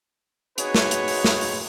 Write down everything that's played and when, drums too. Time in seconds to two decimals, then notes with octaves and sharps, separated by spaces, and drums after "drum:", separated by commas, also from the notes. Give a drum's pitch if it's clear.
0.58 D#4 F#4 G#4 B4 C#5, drum: hi-hat
0.74 drum: snare
0.91 drum: hi-hat
1.08 drum: open hi-hat
1.24 drum: snare
1.41 drum: open hi-hat